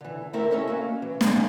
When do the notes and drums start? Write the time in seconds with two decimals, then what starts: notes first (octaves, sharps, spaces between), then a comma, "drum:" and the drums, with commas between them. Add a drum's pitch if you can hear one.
0.01 D3 E3
0.33 A3 C4 E4 G4 A4 A#4
0.50 C#4 G#4 A4 C#5 D#5 E5
0.67 A#3 C#4 F#4
1.02 E3
1.21 G2 D3 G#3, drum: snare